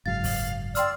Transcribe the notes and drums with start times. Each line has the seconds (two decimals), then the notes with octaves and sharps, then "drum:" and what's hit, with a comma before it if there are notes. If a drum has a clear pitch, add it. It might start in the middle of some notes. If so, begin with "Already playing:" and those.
0.06 F#1 G#2 F#3 F5 A6
0.24 drum: kick, open hi-hat
0.75 D5 G5 C6 E6 F6, drum: hi-hat